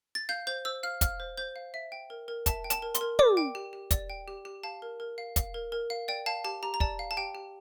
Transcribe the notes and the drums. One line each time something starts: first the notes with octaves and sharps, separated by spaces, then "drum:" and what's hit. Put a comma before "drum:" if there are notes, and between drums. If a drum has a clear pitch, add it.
A6
F5 G6
C5 G6
C5 E6
F5 F6
F5 F6, drum: kick, hi-hat
C5
C5 G6
F5
E5
G5
A#4
A#4
E5 A5, drum: kick, hi-hat
G5
A5, drum: hi-hat
A#4
C6, drum: hi-hat
A#4
D5 D6, drum: tom
G5
G4
G4
D5, drum: kick, hi-hat
G5
G4
G4
F5 A5
A#4
A#4
F5
F5, drum: kick, hi-hat
A#4
A#4
F5
D5 G5
F5 A5
G4 A5
G4 A#5
A#5
D5 A5, drum: kick
F5
A5
G4 G5
G4